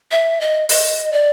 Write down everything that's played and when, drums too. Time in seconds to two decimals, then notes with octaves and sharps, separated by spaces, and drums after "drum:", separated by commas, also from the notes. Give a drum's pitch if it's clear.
0.11 E5
0.41 D#5
0.69 D#5, drum: open hi-hat
1.12 D5